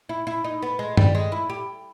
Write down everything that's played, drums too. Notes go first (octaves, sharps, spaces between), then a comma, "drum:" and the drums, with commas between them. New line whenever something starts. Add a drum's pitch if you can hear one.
E4
E4
D#4
B3
G#3
G3, drum: tom G2
G#3
E4
G4